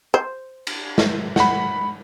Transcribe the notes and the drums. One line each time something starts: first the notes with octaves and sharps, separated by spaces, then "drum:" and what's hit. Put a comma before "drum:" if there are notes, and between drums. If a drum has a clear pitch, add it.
C5
drum: cymbal
drum: snare
F#5 B5, drum: snare